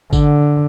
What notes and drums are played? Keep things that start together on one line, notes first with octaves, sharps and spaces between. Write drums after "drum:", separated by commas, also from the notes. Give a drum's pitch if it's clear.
D3, drum: kick G#1, tambourine